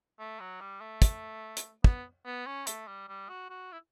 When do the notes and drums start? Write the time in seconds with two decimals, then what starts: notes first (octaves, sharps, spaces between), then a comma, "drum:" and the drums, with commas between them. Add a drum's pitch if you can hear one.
0.19 A3
0.40 F#3
0.61 G3
0.81 A3
1.02 drum: kick, hi-hat
1.57 drum: hi-hat
1.84 B3, drum: kick
2.26 B3
2.46 C#4
2.67 A3, drum: hi-hat
2.87 G3
3.09 G3
3.29 F#4
3.50 F#4
3.72 E4